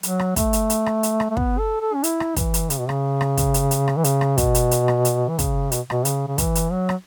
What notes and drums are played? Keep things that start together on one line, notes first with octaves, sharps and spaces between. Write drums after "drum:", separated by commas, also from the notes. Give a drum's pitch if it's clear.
F#3, drum: hi-hat
drum: rim click
A3, drum: kick, hi-hat
drum: hi-hat
drum: hi-hat
drum: rim click
drum: hi-hat
drum: rim click
A3
B3, drum: kick
A4
A4
C#4
E4, drum: hi-hat
drum: rim click
E3, drum: kick, hi-hat
drum: hi-hat
C#3, drum: hi-hat
B2
C#3, drum: rim click
drum: rim click
drum: kick, hi-hat
drum: hi-hat
drum: hi-hat
drum: rim click
E3
C#3, drum: hi-hat
drum: rim click
B2, drum: kick, hi-hat
drum: hi-hat
drum: hi-hat
drum: rim click
drum: hi-hat
E3
C#3, drum: kick, hi-hat
B2, drum: hi-hat
B2, drum: rim click
C#3, drum: hi-hat
C#3
E3, drum: kick, hi-hat
drum: hi-hat
F#3
drum: rim click